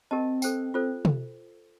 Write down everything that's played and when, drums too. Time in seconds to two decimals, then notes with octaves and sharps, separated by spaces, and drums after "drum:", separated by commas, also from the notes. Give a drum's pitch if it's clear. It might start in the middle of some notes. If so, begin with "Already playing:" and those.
0.11 C4 G4 A#4 D#5 A5
0.42 A4 C5 G5, drum: tambourine
0.74 C4 F4 A4 C5
1.05 drum: tom